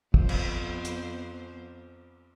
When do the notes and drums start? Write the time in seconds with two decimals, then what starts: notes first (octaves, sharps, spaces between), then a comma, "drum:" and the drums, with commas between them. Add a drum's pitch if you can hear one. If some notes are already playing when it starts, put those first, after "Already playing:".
0.14 F2 B3 C5, drum: kick
0.29 drum: cymbal
0.85 drum: hi-hat